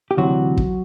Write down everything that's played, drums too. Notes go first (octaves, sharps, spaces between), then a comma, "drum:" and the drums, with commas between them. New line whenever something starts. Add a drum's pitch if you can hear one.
G4
D2 C3 E3 F#3 F#4
drum: kick